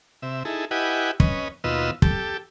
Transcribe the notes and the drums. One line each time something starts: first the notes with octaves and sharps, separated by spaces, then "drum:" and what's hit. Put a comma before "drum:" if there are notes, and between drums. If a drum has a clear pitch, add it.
C3 E5
D#4 E4 G#4 A4
E4 G4 B4 D#5 F#5 G#5
C#4 B4 D#5, drum: kick
D#2 B2 F4 B4 D#5 E6
G4 A4, drum: kick